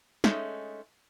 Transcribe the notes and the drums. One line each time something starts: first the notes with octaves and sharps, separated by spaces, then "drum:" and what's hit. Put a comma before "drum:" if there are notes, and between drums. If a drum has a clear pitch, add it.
G#3 A3 C#4 D#4, drum: snare